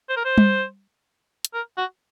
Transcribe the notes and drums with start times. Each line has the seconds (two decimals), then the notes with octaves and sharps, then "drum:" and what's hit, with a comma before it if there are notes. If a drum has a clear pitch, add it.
0.09 C5
0.16 A#4
0.25 C5
0.38 drum: tom G3
1.45 drum: hi-hat
1.54 A#4
1.77 F#4